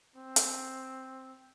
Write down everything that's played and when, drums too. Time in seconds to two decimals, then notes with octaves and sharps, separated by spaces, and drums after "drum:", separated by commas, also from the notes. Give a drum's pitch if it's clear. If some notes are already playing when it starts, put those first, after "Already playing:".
0.16 C4
0.36 drum: hi-hat